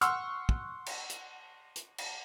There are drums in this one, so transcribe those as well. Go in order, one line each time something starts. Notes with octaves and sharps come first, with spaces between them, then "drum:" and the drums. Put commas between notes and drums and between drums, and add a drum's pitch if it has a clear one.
F#5 C6 C#6 E6 F6, drum: hi-hat
drum: kick
drum: cymbal
drum: hi-hat
drum: hi-hat
drum: cymbal